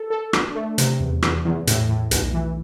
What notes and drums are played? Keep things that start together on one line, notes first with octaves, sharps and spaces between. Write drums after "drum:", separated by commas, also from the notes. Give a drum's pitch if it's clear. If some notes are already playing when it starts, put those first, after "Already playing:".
Already playing: A4
A4
D4, drum: rim click
A3
C3, drum: hi-hat
E2
E2, drum: rim click
E2
A2, drum: hi-hat
A2
B1, drum: hi-hat
E3